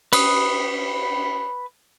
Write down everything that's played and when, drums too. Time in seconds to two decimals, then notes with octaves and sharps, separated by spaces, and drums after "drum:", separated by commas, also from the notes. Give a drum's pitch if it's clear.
0.13 B4 D#6, drum: cymbal